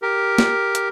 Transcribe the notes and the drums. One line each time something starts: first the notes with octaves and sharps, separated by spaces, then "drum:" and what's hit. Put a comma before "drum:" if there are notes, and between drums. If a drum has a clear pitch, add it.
G4 A#4
drum: snare
drum: hi-hat